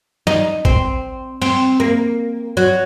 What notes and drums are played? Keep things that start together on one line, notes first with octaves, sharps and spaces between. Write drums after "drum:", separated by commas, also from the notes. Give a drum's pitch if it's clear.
D#4, drum: snare
C4, drum: kick A1
C4, drum: open hi-hat
A#3
F#3